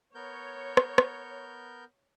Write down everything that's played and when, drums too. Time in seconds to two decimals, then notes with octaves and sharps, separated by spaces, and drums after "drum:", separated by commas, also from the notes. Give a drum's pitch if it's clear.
0.15 B3 A#4 C#5 G6
0.77 drum: rim click
0.98 drum: rim click